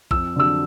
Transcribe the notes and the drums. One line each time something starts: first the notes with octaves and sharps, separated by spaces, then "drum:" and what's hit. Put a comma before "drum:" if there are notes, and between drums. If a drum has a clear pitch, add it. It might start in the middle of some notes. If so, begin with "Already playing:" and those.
F2 E6, drum: kick
D3 F#3 E6